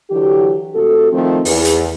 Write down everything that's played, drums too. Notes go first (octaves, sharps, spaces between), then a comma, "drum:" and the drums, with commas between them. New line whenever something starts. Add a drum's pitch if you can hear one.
D3 E3 F#3 G4
C3 A3 F#4 A4
D#3 F3 A3 C4
E2, drum: open hi-hat
drum: hi-hat